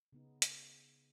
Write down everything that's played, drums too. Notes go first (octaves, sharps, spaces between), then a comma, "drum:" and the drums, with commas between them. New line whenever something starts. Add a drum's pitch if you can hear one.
C#3 B3 D#4
drum: hi-hat